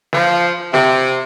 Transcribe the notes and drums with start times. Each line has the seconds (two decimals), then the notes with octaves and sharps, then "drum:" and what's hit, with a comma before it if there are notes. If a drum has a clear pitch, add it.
0.13 F3, drum: snare
0.74 C3, drum: snare